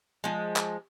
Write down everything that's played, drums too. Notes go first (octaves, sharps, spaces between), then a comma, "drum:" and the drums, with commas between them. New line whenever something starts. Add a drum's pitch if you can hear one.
F3 G#3
drum: clap